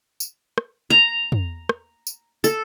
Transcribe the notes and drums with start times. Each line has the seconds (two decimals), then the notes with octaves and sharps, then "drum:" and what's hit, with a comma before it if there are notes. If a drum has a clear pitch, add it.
0.20 drum: tambourine
0.58 drum: rim click
0.90 A#5
1.32 drum: tom
1.69 drum: rim click
2.07 drum: tambourine
2.44 A4, drum: tambourine